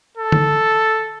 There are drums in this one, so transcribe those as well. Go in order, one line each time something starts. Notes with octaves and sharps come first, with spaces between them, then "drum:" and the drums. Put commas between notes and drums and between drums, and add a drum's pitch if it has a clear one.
A4
drum: tom D3